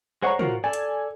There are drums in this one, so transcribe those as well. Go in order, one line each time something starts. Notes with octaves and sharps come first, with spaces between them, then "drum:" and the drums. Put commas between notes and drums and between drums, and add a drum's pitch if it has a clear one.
G#3 C5 C#5 F#5 A#5 C#6
F4 F#4 A#4, drum: tom
A4 D5 G#5
drum: hi-hat